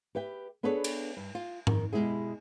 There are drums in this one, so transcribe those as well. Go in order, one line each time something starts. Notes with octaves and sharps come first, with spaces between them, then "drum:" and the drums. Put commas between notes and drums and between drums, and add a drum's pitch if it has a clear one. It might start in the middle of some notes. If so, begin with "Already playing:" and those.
G4 B4 E5 G5
B3 D4 G#4 A4 B4 C#5
drum: cymbal
G2
F4
D#3, drum: tom G#2
B2 E3 G#3 E4 G4 G#4